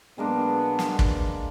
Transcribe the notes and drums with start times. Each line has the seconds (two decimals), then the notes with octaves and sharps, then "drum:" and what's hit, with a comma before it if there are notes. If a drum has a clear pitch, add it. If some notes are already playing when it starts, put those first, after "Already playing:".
0.18 B2 F#3 G#3 A#3 B3 D4
0.79 drum: snare
0.99 drum: kick